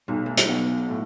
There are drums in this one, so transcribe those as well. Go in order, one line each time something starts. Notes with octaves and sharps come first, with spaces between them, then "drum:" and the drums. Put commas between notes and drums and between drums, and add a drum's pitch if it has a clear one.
B1 G3
A3
G3, drum: hi-hat
B2 F#3
A2